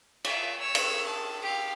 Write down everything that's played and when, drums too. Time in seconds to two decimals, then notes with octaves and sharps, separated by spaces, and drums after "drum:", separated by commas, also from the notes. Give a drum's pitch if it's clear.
0.24 E5 F5, drum: cymbal
0.59 C#5 E6
0.75 drum: cymbal
1.07 A5
1.42 G4 F5